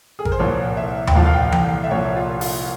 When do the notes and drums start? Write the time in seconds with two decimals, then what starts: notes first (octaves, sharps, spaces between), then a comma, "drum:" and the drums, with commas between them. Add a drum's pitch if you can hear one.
0.19 G#4
0.25 A#4, drum: kick G#1
0.32 C5
0.39 C2 A#2 F3 C#5
0.77 E5
1.07 G5, drum: tom D#2
1.15 C2 A#2 F3 F5
1.26 F5
1.33 G5
1.52 G5, drum: tom E3
1.84 E5
1.91 C2 A#2 F3 C#5
2.16 F4
2.41 F4, drum: open hi-hat